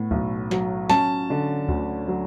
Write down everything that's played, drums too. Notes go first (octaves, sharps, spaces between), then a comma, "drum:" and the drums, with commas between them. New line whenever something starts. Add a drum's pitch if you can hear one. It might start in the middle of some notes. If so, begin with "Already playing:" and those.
Already playing: A2 B3
B1, drum: kick D2
F#3, drum: snare
C#4 A5, drum: snare
D3
D2, drum: kick D2
F#3